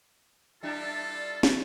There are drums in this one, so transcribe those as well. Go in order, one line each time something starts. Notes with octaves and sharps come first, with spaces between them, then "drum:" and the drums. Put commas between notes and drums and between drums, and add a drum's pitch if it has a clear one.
G3 D4 E4 F4 A4 A5
drum: snare